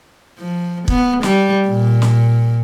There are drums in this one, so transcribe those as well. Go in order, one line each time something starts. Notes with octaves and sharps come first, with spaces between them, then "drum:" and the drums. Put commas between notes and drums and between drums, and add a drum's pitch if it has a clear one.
F3
B3, drum: kick
G3, drum: snare
A#2
drum: snare